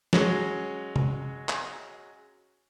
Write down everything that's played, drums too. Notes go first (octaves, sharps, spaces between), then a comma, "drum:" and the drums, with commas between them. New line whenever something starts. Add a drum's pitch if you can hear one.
F#3 G#3 C#4, drum: snare
drum: tom C3
drum: clap